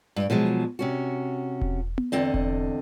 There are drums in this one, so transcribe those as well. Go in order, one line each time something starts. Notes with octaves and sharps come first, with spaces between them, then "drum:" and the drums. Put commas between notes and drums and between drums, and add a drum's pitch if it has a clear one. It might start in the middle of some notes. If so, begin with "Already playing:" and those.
G2
B2 F3 F#3 G#3
C3 C#4 F#4
drum: kick E1
drum: tom B3
E2 D3 C4 D#5
drum: kick E1